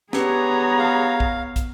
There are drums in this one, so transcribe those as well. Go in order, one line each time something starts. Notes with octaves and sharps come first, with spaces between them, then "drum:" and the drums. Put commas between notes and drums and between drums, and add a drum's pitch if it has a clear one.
B3 D4 G4 G#4 B4 C#5 A#5, drum: snare
F5
drum: kick
drum: kick, hi-hat